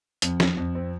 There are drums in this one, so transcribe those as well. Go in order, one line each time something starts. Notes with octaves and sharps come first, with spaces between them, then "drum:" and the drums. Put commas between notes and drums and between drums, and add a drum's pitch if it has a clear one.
F2, drum: hi-hat
F2, drum: snare
F2
C4